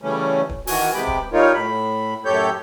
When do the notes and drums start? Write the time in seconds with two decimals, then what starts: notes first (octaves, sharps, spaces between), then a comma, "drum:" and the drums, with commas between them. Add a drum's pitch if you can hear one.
0.02 C#3 E3 G3 A3 C#4
0.49 drum: kick
0.67 D#3 E3 F#4 G#5, drum: open hi-hat
0.94 C3 G#3 B3 G4 B5 D6
1.07 drum: kick
1.33 G3 D#4 F4 A#4 C#5
1.54 A2 B5
2.25 F#2 A2 G4 A4 C#5 G6